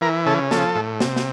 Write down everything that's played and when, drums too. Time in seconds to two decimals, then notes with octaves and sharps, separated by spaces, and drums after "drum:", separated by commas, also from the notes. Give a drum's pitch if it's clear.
0.01 E3 A#4
0.26 C#3 A4
0.51 F3 A4, drum: snare
0.75 A2
1.00 C3, drum: snare
1.16 drum: snare